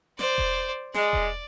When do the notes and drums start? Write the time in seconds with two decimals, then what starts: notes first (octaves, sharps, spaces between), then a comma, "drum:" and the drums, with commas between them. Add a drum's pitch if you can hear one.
0.19 C5 D5, drum: snare
0.38 drum: kick E1
0.94 G#3 D5, drum: snare
1.13 drum: kick E1